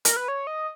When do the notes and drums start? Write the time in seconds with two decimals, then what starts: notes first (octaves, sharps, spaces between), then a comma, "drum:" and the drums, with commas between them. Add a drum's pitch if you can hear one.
0.05 A#4, drum: hi-hat
0.17 B4
0.28 C#5
0.47 D#5